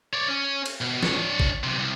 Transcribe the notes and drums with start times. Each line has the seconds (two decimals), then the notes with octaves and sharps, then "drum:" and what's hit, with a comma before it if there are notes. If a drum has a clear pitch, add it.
0.13 C#5 D5
0.28 C#4
0.66 drum: cymbal
0.81 B2
1.03 D4 C#5, drum: snare
1.40 drum: kick A1
1.64 B1 C3
1.79 C2